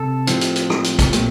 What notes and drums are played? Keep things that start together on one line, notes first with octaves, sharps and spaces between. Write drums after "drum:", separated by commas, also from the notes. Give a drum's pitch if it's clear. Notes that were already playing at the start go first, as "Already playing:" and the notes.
Already playing: C3 A4
A2 F3 C4, drum: hi-hat
drum: hi-hat
drum: hi-hat
drum: rim click
drum: hi-hat
drum: kick, hi-hat
A#2 A3 C4, drum: hi-hat